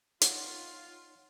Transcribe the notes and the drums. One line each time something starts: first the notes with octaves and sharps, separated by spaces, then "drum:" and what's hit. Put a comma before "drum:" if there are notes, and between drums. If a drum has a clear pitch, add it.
D#4 F4 C#5 F#5, drum: hi-hat